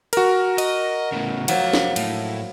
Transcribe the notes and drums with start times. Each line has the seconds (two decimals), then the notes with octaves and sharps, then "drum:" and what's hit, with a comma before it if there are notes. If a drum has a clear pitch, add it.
0.13 F#4 A#4, drum: cymbal
0.58 D#5, drum: cymbal
1.13 A2 C#3
1.48 F3 F#3 A#3 C5 F#5, drum: cymbal
1.73 drum: snare
1.96 A2, drum: cymbal